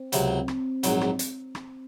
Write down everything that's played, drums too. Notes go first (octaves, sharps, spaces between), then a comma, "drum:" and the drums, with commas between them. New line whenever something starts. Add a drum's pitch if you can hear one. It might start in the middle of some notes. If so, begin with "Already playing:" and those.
Already playing: C4
C#2 C3 F#3, drum: hi-hat
drum: rim click
A#1 G#2 F#3, drum: hi-hat
drum: rim click
drum: hi-hat
drum: rim click